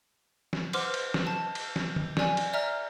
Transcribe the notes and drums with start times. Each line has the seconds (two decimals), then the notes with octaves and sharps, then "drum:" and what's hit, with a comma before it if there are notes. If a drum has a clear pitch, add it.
0.53 drum: snare F#3
0.73 B4 C5 F#5 C6 D6 F6, drum: cymbal
0.94 drum: cymbal
1.14 drum: snare F#3
1.27 A5
1.55 drum: cymbal
1.76 drum: snare F#3
1.96 drum: tom D3
2.17 D5 G#5, drum: snare F#3
2.37 drum: cymbal
2.53 D5 E5 A#5 F6